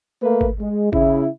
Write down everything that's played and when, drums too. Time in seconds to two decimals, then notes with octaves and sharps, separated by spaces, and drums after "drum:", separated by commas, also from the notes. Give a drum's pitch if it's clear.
0.23 A3 A#3 B4
0.41 drum: kick G#1
0.60 G#3
0.93 C#3 E4, drum: kick G#1